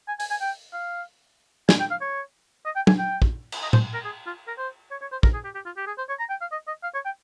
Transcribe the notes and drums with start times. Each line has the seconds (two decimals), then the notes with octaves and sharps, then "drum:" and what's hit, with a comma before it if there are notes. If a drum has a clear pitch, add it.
0.08 G#5
0.20 G#5, drum: open hi-hat
0.31 G#5
0.41 G5
0.73 F5
1.69 G#5, drum: snare
1.80 G5
1.91 F5
2.01 C#5
2.66 D#5
2.76 G5
2.87 G#5, drum: tom
2.98 G5
3.22 drum: kick
3.52 drum: cymbal
3.63 D#5
3.73 C5, drum: tom A2
3.94 A#4
4.05 G#4
4.27 F4
4.48 A#4
4.58 C5
4.91 C#5
5.01 C#5
5.12 C5
5.23 A#4, drum: kick
5.34 G#4
5.44 G4
5.55 G4
5.66 F4
5.77 G4
5.87 G#4
5.98 C5
6.09 C#5
6.19 A#5
6.30 G5
6.41 F5
6.52 D#5
6.67 D#5
6.83 F5
6.94 C#5
7.05 G5